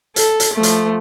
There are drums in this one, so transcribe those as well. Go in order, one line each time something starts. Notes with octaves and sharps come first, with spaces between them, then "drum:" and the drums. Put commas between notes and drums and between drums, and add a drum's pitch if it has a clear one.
A4, drum: hi-hat
drum: hi-hat
F3 A3
drum: hi-hat